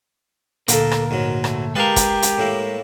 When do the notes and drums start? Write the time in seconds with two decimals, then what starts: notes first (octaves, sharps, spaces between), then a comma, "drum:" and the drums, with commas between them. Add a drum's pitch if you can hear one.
0.68 D2 A#2 A#3 A4 A#4, drum: hi-hat
0.91 drum: rim click
1.11 G#2 F#3
1.44 A3, drum: rim click
1.75 G#3 G4 A#4 B4 F5 A5
1.96 drum: kick, hi-hat
2.22 drum: hi-hat
2.38 A2 A#3 E4